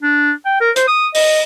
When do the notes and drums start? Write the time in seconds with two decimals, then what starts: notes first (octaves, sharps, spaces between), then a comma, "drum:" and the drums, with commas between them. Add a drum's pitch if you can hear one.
0.03 D4
0.46 G5
0.61 A#4
0.76 C5, drum: hi-hat
0.88 D#6
1.15 D#5, drum: open hi-hat